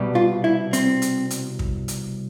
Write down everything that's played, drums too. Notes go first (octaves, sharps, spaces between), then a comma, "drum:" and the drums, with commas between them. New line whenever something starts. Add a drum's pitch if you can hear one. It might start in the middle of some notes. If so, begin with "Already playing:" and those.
Already playing: C2 B2 G3
F4
E4
C4, drum: hi-hat
drum: hi-hat
drum: hi-hat
drum: kick
drum: hi-hat